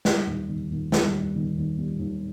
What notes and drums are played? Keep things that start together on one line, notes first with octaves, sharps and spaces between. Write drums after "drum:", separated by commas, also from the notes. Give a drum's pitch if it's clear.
G3, drum: snare
D#2
D#3
D#2
G3, drum: snare
D#2
D#3
D#2
G3
D#2